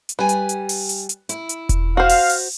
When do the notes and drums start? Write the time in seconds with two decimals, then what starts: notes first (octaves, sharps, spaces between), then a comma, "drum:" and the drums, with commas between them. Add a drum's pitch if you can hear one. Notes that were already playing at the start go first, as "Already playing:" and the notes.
0.09 drum: hi-hat
0.19 G3 B4 G#5
0.29 drum: hi-hat
0.49 drum: hi-hat
0.69 drum: open hi-hat
0.89 drum: hi-hat
1.09 drum: hi-hat
1.29 E4, drum: hi-hat
1.49 drum: hi-hat
1.69 drum: kick E1, hi-hat
1.97 F#4 C5 F5
2.09 drum: open hi-hat
2.29 drum: open hi-hat